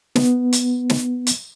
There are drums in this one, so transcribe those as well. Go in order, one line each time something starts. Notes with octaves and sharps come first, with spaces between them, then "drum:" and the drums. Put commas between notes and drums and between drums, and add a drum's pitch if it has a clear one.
B3, drum: snare
drum: hi-hat
drum: snare
drum: hi-hat